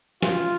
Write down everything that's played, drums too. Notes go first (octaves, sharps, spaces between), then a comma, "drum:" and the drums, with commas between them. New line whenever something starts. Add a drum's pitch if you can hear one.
F4, drum: snare